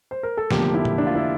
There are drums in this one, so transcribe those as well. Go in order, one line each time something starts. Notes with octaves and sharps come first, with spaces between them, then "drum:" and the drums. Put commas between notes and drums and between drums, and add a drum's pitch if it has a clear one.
C5
A#4
A4
F1 E2 D3 F3 A#3 G4, drum: snare
E4
drum: tom A#2
D4
F4
E4